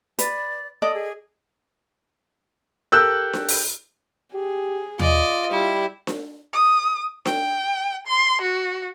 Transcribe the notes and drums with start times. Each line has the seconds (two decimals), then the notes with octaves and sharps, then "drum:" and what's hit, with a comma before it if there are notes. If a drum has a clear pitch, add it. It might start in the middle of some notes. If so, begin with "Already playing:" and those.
0.19 B4 D5, drum: hi-hat
0.82 A4 D5 D#5 D#6
0.94 G#4
2.92 G4 A4 A#4 E6 F#6 G6
3.33 drum: snare D4
3.49 drum: open hi-hat
4.34 G4 G#4
4.99 F4 D5 D#5, drum: tom D#2
5.51 G3 E4
6.07 drum: snare D4
6.53 D#6
7.25 G5, drum: snare D4
8.07 C6
8.42 F#4